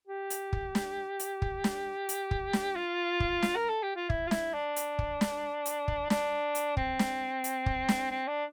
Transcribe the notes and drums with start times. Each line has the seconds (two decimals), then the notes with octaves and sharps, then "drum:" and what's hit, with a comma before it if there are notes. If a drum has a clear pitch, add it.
0.08 G4
0.30 drum: hi-hat
0.53 drum: kick
0.75 drum: snare
1.19 drum: hi-hat
1.42 drum: kick
1.64 drum: snare
2.09 drum: hi-hat
2.31 drum: kick
2.53 drum: snare
2.76 F4
3.20 drum: kick
3.42 drum: snare
3.56 A#4
3.69 A4
3.83 G4
3.96 F4
4.10 E4, drum: kick
4.27 F4
4.31 E4, drum: snare
4.54 D4
4.76 drum: hi-hat
4.99 drum: kick
5.21 drum: snare
5.66 drum: hi-hat
5.88 drum: kick
6.10 D4, drum: snare
6.55 drum: hi-hat
6.77 C4, drum: kick
6.99 drum: snare
7.44 drum: hi-hat
7.66 drum: kick
7.89 drum: snare
8.11 C4
8.27 D4